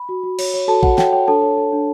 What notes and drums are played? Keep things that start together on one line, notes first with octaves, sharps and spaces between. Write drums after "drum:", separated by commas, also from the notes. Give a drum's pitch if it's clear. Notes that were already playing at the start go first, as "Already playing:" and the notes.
Already playing: B5
F#4
F#4
C#5, drum: cymbal
C#5
F#4 A4 A5
F#4 F#5, drum: kick A#1
C#5 G5, drum: snare
C#5 G5
D4 A4 A5
C#5
A4
D4